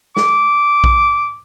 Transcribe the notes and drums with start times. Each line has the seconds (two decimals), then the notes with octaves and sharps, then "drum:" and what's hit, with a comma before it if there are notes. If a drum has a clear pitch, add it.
0.17 D6, drum: snare
0.84 drum: kick A#1